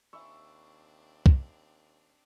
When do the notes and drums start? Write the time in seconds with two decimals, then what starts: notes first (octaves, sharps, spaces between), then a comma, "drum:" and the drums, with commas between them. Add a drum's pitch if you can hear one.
0.13 D#2 C4 D4 E5 B5 C#6 E6
1.26 drum: kick